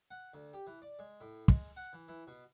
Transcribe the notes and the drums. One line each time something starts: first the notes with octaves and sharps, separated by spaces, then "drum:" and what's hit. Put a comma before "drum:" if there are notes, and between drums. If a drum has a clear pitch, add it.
F#5
D2
G4
E3
D5
G#3
A2
G#3, drum: kick
F#5
E3
E3
B2